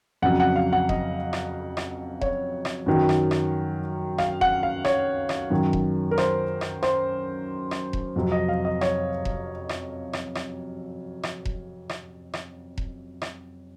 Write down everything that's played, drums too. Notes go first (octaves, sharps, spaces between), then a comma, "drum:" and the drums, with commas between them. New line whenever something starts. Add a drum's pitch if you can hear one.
F2 C#3 F#3 F#5
F#5
F5
F#5
D#5, drum: kick E1
drum: rim click
drum: rim click
C#5, drum: kick E1
drum: rim click
F#2 D#3 F#3
drum: rim click
drum: rim click
F5, drum: rim click
F#5, drum: kick E1
F5
C#5, drum: rim click
drum: rim click
F#2 D#3 F#3
drum: kick E1
A#4
C5, drum: rim click
drum: rim click
C5, drum: rim click
drum: rim click
drum: kick E1
F2 C3 F#3
D#5
F5
D#5
C#5, drum: rim click
drum: kick E1
drum: rim click
drum: rim click
drum: rim click
drum: rim click
drum: kick E1
drum: rim click
drum: rim click
drum: kick E1
drum: rim click